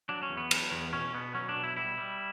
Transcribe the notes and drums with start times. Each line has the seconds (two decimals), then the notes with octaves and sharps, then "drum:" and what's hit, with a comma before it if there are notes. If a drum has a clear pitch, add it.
0.09 F#3 D4
0.23 C#4
0.30 E2
0.37 B3
0.51 F#3, drum: cymbal
0.71 E2
0.93 B2 C#4
1.14 B2 B3
1.35 F#3 C#4
1.49 D4
1.56 B2
1.63 E4
1.77 G3 E4
1.98 G3